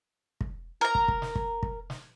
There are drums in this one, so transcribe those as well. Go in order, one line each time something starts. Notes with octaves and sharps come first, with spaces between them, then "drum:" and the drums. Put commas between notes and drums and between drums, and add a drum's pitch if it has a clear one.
drum: kick
A#4 A#5
drum: kick
drum: kick
drum: snare
drum: kick
drum: kick
drum: snare